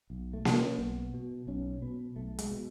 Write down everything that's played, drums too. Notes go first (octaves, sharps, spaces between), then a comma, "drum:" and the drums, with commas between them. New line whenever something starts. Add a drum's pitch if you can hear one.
B1
A3
B2, drum: snare A#3
C#4
B1 B3
B2
B1 C#4
B2 B3
B1 A3
G#3, drum: hi-hat
B2